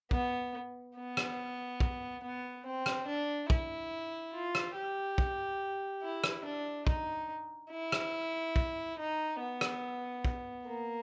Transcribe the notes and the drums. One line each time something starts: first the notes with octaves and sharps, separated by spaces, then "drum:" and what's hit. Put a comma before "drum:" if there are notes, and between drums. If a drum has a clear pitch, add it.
B3, drum: kick
B3
drum: rim click
drum: kick
B3
C4
drum: rim click
D4
E4, drum: kick
F4
drum: rim click
G4
drum: kick
E4
drum: rim click
D4
D#4, drum: kick
E4
drum: rim click
drum: kick
D#4
B3
drum: rim click
drum: kick
A#3